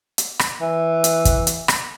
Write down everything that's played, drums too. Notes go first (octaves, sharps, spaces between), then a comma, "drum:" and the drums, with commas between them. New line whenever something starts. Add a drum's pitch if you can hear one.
drum: hi-hat
drum: rim click
E3
drum: hi-hat
drum: kick, hi-hat
drum: hi-hat
drum: rim click